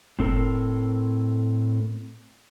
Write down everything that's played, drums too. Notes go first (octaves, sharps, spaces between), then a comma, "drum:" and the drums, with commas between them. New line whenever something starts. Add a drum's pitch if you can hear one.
A2 C4 A4 A#4, drum: kick F#1